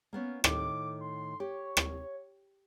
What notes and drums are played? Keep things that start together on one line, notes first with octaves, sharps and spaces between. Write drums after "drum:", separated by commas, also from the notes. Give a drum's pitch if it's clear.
A#3 B3 C#4
A2 D#3 D6, drum: rim click
C6
G4 C#5
drum: rim click